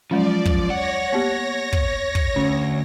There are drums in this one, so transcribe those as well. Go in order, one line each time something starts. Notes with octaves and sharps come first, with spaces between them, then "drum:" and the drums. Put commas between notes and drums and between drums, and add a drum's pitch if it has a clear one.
F3 F#3 G#3 C#4 D5
drum: kick
C#5 F#5 A#6
A#3 B3 G4
drum: kick
drum: kick
D2 C#4